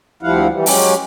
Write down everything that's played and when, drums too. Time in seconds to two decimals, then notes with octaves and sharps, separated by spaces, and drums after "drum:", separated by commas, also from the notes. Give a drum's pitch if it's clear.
0.23 D2 F3 G3 E4 F5 F#5
0.52 E3 G3
0.66 F#3 G#3 C#4 G4, drum: open hi-hat